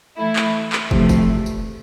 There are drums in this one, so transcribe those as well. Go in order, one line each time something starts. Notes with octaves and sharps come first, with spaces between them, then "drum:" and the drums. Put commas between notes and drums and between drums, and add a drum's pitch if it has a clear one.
E3 A3 E4
drum: clap
drum: clap
E2 C3 F3 A3, drum: kick
drum: kick, tambourine
drum: tambourine